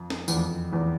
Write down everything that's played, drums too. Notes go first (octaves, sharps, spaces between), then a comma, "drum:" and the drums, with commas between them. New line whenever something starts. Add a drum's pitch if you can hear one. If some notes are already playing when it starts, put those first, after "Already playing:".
Already playing: F2
drum: snare
E2, drum: tambourine
F2
E2